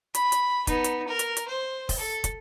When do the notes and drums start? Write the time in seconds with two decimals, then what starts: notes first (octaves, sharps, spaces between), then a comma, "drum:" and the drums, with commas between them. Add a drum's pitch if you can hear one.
0.15 B5, drum: hi-hat
0.32 drum: hi-hat
0.67 B3 D#4, drum: kick, hi-hat
0.84 drum: hi-hat
1.07 A#4
1.19 drum: hi-hat
1.37 drum: hi-hat
1.48 C5
1.89 drum: kick, open hi-hat
1.98 A4
2.24 drum: kick, hi-hat